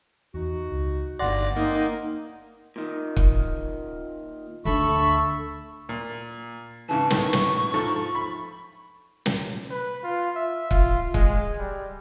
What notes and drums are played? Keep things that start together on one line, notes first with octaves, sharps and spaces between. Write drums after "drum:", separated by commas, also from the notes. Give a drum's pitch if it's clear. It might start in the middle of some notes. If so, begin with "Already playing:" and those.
E2 D#4 F#4
C#2
G1 G3 A#3 D#4 D5 F#5 C6 A#6
A#3 C4 D#4
A#2 D#3
drum: kick
D2 D4 A4 E5 B5 C#6
A#2
G#2 C#3 E3 A5
A2 D#3 B3 C#6, drum: snare
drum: snare
G#2 F3 A4
B5
drum: snare
B4
F4
E5
F4, drum: kick
G#3, drum: kick
G3